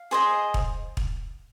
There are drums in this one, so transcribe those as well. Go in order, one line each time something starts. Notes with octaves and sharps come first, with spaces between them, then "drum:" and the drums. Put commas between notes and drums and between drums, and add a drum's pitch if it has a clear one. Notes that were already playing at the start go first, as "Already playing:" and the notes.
Already playing: F5
G#4 C5 D#5
drum: kick
drum: kick